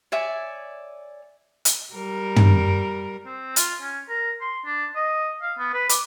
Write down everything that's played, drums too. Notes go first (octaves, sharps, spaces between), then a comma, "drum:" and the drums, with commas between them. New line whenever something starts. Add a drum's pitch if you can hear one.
C#5 D5 E5 G#5
drum: hi-hat
G3 A#4
drum: tom
C4
F4, drum: hi-hat
C#4
A#4
C6
D4
D#5
F5
B3
B4
D6, drum: hi-hat